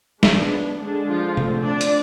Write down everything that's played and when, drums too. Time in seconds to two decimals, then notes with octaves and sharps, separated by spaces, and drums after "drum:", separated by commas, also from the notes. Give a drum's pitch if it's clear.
0.23 G#3 B3 D4, drum: snare
0.80 D3 G#3 D4
1.08 F3 F4
1.37 D3 A3 C4, drum: tom C3
1.65 D4 D5
1.81 drum: hi-hat